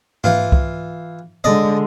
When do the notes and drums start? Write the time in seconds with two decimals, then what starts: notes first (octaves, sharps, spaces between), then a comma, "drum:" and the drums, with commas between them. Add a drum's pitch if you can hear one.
0.24 E3 F4, drum: tom
0.52 drum: kick C2
1.44 D3 G#3 D5 D#5